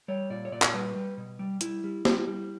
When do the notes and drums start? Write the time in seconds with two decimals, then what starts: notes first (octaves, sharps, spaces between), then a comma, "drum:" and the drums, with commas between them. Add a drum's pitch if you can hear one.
0.08 G3 C#5
0.30 A#2 D5
0.45 C#5
0.52 A#2 D5
0.62 drum: clap
0.74 G3 B4
0.96 G3
1.18 B2
1.39 G3
1.61 G3 E4, drum: hi-hat
1.84 G3
2.05 G3, drum: snare
2.28 G3